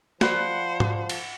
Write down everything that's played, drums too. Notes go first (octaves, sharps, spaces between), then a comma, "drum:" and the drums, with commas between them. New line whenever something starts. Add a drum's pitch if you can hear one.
F3 C5 D5 F#5 B5, drum: snare
drum: tom G#2
drum: cymbal